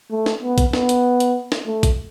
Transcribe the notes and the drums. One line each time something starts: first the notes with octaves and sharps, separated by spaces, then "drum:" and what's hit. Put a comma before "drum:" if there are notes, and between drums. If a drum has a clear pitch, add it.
A3
drum: snare
B3
drum: kick A#1, hi-hat
B3, drum: snare
drum: hi-hat
drum: hi-hat
drum: snare
A3
drum: kick A#1, hi-hat